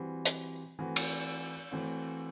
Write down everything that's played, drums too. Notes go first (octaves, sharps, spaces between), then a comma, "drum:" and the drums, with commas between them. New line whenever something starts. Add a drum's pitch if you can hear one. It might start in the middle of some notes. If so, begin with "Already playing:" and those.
Already playing: E3 G3 C4 F#4
drum: hi-hat
E3 A3 C4 F#4
drum: cymbal
E3 A3 C4 F#4